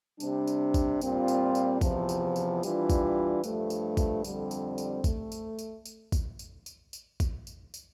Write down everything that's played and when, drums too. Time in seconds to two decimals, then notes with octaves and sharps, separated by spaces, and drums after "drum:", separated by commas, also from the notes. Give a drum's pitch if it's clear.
0.20 C3 G3 D4, drum: tambourine
0.47 drum: tambourine
0.74 drum: kick A1, tambourine
1.01 A#2 G3 C4 F4, drum: tambourine
1.28 drum: tambourine
1.55 drum: tambourine
1.81 E2 C3 F3, drum: kick A1, tambourine
2.09 drum: tambourine
2.36 drum: tambourine
2.63 E3 G3 D4 F4, drum: tambourine
2.90 drum: kick A1, tambourine
3.44 G2 F3 A3, drum: tambourine
3.70 drum: tambourine
3.97 drum: kick A1, tambourine
4.24 F2 D3 G3 C4, drum: tambourine
4.51 drum: tambourine
4.78 drum: tambourine
5.04 A3, drum: kick A1, tambourine
5.32 drum: tambourine
5.59 drum: tambourine
5.85 drum: tambourine
6.12 drum: kick A1, tambourine
6.39 drum: tambourine
6.66 drum: tambourine
6.93 drum: tambourine
7.20 drum: kick A1, tambourine
7.47 drum: tambourine
7.74 drum: tambourine